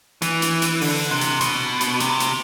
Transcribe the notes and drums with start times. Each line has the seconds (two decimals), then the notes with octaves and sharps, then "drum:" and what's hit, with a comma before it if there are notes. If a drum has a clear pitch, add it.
0.22 E3, drum: hi-hat
0.42 drum: hi-hat
0.62 drum: hi-hat
0.81 D3, drum: open hi-hat
1.11 C3
1.21 drum: hi-hat
1.41 B2, drum: hi-hat
1.81 drum: hi-hat
2.00 C3, drum: hi-hat
2.20 drum: hi-hat